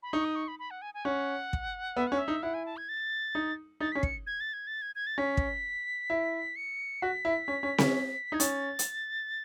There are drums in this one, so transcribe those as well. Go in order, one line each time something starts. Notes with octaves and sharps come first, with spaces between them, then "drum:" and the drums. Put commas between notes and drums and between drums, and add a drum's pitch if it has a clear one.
B5
D#4 C#6
D#6
C#6
B5
B5
F#5
G#5
G#5
C#4 F#5
drum: kick
B3 E5
C#4 F#5
E5
D#4
E4 F#5
G#5
A5
G#6
A6
D#4
D#4 A6
C#4 B6
C#7, drum: kick
G#6
A6
G#6
A6
G#6
G#6
A6
C#4 B6
drum: kick
E4
C#7
F#4 B6
E4
C#4
C#4
C#4, drum: snare C4
D#4 G#6
C#4 A6, drum: hi-hat
drum: hi-hat